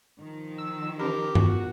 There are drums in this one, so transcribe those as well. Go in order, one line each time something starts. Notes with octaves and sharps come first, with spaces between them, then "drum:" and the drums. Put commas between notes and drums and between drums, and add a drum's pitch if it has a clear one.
D#3 F3
E6
E3 C#4 G4 A#4 B5
B3 F4 F#4, drum: tom G2